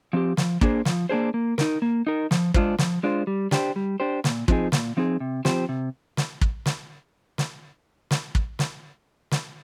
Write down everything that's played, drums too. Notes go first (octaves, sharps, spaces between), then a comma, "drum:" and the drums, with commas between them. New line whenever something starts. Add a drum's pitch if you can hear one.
F3 C4 G4
F3, drum: snare
A#3 D4 G#4 C5, drum: kick
F3, drum: snare
A#3 D4 G#4 C5
A#3
D#4 A#4, drum: snare
A#3
D#4 A#4
F3, drum: snare
G#3 D4 F4 C5, drum: kick
F3, drum: snare
G#3 D4 F4 C5
G3
D4 G4 C5, drum: snare
G3
D4 G4 C5
A#2, drum: snare
F3 C4 D#4 G#4, drum: kick
A#2, drum: snare
F3 C4 D#4 G#4
C3
F3 C4 G4 C5, drum: snare
C3
drum: snare
drum: kick
drum: snare
drum: snare
drum: snare
drum: kick
drum: snare
drum: snare